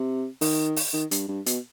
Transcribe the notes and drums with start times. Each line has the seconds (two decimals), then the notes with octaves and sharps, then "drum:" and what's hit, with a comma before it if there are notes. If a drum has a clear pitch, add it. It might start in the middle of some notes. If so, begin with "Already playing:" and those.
Already playing: C3
0.41 D#3, drum: open hi-hat
0.76 drum: open hi-hat
0.93 D#3
1.11 G2, drum: hi-hat
1.29 G2
1.46 B2, drum: hi-hat